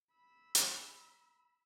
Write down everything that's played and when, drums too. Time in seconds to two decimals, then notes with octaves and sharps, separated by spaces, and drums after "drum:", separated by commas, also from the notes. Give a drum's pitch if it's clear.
0.11 B5 E6
0.55 drum: hi-hat